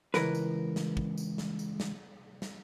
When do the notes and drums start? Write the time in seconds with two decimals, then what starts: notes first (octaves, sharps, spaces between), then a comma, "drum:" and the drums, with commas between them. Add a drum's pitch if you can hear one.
0.14 C#2 E3 A#4 B4, drum: snare
0.35 drum: tambourine
0.76 drum: snare
0.97 drum: kick
1.18 drum: tambourine
1.38 drum: snare
1.59 drum: tambourine
1.80 drum: snare
2.42 drum: snare